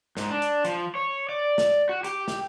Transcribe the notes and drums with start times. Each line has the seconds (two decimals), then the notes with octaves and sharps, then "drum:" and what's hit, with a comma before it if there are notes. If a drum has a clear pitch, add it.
0.17 G#2, drum: snare
0.30 D4
0.42 drum: hi-hat
0.65 F3, drum: hi-hat
0.95 C#5
1.29 D5
1.58 drum: snare
1.89 F#4
2.04 G4, drum: hi-hat
2.28 drum: snare